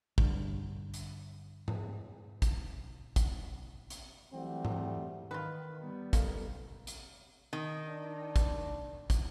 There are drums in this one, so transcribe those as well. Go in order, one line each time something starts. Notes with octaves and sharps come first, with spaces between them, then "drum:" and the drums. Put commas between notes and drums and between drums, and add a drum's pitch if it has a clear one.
G2 D3, drum: kick
drum: hi-hat
drum: tom G#2
drum: kick, hi-hat
drum: kick, hi-hat
drum: hi-hat
E3 F#3 G3 A3 C4 F#5
drum: tom G#2
D#3 F4 B4
G3 B3
G1 A#3 D#4 A4, drum: kick, hi-hat
drum: hi-hat
D#3
D4
drum: kick, hi-hat
drum: kick, hi-hat